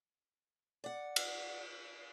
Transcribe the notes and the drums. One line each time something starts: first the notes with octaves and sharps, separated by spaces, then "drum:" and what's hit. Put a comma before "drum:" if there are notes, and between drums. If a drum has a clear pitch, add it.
D5 F#5
drum: cymbal